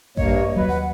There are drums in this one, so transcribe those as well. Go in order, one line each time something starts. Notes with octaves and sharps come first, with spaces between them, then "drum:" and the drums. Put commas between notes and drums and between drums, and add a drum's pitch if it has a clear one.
G2 A#3 C#5 D#5, drum: kick A1
D#2 F#3 B4
F#5